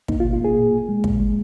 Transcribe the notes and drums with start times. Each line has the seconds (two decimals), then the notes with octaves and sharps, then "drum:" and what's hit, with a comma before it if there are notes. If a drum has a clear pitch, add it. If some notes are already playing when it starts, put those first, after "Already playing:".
0.08 A#3 D#4, drum: kick
0.20 F4
0.25 B2
0.33 F4
0.41 A#3 G#4
0.57 A#2
0.73 A#2
0.89 G#3
1.04 A#2, drum: kick
1.20 G#3